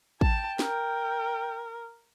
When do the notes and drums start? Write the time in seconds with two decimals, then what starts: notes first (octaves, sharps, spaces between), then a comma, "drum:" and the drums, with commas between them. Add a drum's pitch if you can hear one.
0.21 G5 A5, drum: kick
0.59 A#4, drum: snare